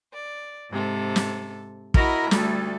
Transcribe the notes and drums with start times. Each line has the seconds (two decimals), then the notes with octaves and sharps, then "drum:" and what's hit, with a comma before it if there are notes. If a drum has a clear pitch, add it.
0.11 D5
0.70 G#2 C3 A4
1.16 drum: snare
1.94 E4 F#4 A#4 D#5 A#5 B5, drum: kick
2.31 D2 G3 A3 A4, drum: snare